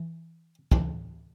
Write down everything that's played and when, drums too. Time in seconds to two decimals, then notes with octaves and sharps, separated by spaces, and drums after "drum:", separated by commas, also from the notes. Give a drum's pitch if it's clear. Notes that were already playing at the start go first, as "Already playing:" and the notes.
Already playing: E3
0.72 B1 A2 E3 A3 D4, drum: kick